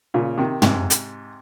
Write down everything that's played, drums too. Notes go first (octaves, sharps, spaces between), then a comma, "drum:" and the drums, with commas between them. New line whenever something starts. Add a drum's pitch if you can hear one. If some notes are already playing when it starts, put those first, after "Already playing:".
A#2 C#3
C3 D#3
G#2 C3, drum: tom
drum: hi-hat